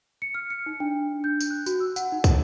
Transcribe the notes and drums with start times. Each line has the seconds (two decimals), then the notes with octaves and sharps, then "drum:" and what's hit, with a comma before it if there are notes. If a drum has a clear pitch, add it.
0.22 C#7
0.35 F6
0.50 C#7
0.66 D#4
0.80 D4
1.24 G6
1.41 drum: tambourine
1.51 F#6
1.66 F#4, drum: tambourine
1.80 E6
1.96 F#5, drum: tambourine
2.12 D#4
2.24 drum: kick, tambourine